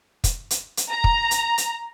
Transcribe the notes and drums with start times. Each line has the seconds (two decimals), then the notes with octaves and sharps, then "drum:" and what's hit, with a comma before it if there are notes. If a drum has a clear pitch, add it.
0.24 drum: kick, hi-hat
0.50 drum: hi-hat
0.77 drum: hi-hat
0.91 A#5
1.04 drum: kick
1.31 drum: hi-hat
1.58 drum: hi-hat